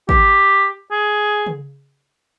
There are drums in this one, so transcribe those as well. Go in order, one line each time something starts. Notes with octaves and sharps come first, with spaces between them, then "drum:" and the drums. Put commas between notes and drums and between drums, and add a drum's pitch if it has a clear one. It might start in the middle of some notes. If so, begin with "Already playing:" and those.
G4, drum: kick
G#4
drum: tom C#3